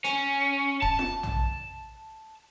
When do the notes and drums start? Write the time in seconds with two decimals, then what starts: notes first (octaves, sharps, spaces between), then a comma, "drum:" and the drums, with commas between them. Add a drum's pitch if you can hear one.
0.04 C#4, drum: hi-hat
0.82 A5, drum: kick D#1
0.99 drum: snare F4
1.23 drum: tom